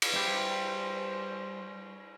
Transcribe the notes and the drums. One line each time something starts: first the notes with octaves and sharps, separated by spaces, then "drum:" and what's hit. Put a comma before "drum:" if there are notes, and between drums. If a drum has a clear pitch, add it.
drum: cymbal
G3 E4 G4 C5